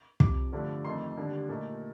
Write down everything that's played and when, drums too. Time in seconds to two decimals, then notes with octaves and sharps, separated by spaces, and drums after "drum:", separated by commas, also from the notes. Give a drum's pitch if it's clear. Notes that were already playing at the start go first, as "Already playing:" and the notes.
0.20 F2 C3 F3 D6, drum: kick
0.52 G2 D3 F3 A3 D4
0.84 F2 D#3 A3 D#4 C6
1.17 D#2 D3 G3 D4
1.49 A#2 A3 D#4